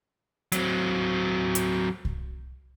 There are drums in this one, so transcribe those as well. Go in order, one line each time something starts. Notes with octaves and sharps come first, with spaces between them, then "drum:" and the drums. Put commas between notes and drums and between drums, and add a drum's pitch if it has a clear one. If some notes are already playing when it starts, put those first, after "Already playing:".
F#3 C4, drum: hi-hat
drum: hi-hat
drum: kick C2